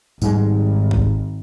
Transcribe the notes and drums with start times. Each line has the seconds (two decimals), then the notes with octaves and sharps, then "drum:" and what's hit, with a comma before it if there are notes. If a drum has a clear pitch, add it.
0.22 G#1 G#2 G3 G#3, drum: tambourine
0.91 drum: kick G#1